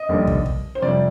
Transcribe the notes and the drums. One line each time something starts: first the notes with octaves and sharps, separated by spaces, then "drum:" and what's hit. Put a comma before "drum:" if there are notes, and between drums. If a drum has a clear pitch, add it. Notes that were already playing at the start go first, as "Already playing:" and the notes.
Already playing: D#5
F1 D#2 D3 G3
drum: kick
drum: kick
C5
F2 C3 G3 D5